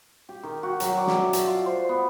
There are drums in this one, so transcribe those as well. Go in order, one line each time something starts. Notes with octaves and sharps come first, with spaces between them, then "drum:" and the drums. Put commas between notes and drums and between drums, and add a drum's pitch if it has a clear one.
G4
D#3
F#4
F#3, drum: hi-hat
D5
drum: snare
E5
A5, drum: hi-hat
F4
C5
B3